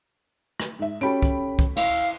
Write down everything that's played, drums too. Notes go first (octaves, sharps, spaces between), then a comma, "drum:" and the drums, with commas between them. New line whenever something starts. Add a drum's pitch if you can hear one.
drum: rim click
G#2 E5
C#4 F#4 G4 A4 B5 D7
drum: kick
drum: kick
E4 E5 F5, drum: cymbal